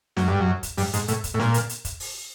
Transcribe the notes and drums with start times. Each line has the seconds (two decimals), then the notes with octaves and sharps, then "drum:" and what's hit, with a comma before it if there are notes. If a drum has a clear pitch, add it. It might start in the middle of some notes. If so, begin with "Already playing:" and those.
0.17 F#2, drum: snare
0.28 G2
0.40 F#2
0.63 drum: kick, hi-hat
0.77 G2, drum: open hi-hat
0.93 G#2, drum: hi-hat
1.08 A2, drum: hi-hat
1.24 drum: kick, hi-hat
1.34 A2
1.40 A#2, drum: snare
1.54 drum: hi-hat
1.69 drum: hi-hat
1.85 drum: kick, hi-hat
2.00 drum: open hi-hat